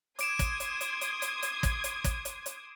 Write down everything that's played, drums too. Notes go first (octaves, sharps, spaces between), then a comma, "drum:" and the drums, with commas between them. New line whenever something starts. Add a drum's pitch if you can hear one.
C6 D6 D#6 G#6 D7 E7, drum: hi-hat
drum: kick, hi-hat
drum: hi-hat
drum: hi-hat
drum: hi-hat
drum: hi-hat
drum: hi-hat
drum: kick, hi-hat
drum: hi-hat
drum: kick, hi-hat
drum: hi-hat
drum: hi-hat